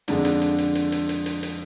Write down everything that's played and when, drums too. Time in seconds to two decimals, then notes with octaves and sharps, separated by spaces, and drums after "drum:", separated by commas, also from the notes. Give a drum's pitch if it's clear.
0.08 F2 D3 G#3 D4, drum: hi-hat
0.25 drum: hi-hat
0.41 drum: hi-hat
0.58 drum: hi-hat
0.75 drum: hi-hat
0.92 drum: hi-hat
1.09 drum: hi-hat
1.26 drum: hi-hat
1.43 drum: hi-hat